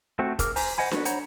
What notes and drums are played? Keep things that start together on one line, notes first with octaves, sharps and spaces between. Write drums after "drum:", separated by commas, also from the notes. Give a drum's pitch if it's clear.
A3 C4 F#4
G#4 A#4 D6 F6, drum: kick F1, hi-hat
C5 G#5 A#5, drum: open hi-hat
C5 D#5 F#5 G#5 B5
B3 F#4, drum: snare D4
C5 C#5 F#5 A#5 B5, drum: hi-hat